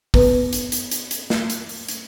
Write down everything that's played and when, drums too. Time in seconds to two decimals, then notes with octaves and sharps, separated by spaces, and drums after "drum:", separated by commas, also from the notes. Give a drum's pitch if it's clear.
0.14 B3 B4, drum: kick, open hi-hat
0.53 drum: hi-hat
0.72 drum: hi-hat
0.91 drum: hi-hat
1.11 drum: hi-hat
1.30 drum: snare
1.50 drum: hi-hat
1.69 drum: open hi-hat
1.89 drum: hi-hat